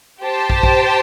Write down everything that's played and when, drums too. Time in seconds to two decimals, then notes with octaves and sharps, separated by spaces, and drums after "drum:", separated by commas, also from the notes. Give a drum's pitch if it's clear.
0.22 G4 C5 A5
0.50 drum: kick
0.63 drum: kick